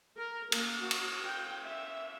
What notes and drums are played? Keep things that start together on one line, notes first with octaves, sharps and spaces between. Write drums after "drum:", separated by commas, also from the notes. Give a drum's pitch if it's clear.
A#4
A#3, drum: cymbal
F#4
drum: cymbal
G5
E5